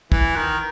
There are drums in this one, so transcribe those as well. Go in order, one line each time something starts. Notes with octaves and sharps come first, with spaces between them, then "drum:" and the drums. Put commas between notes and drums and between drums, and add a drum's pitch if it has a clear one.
E3, drum: kick
D#3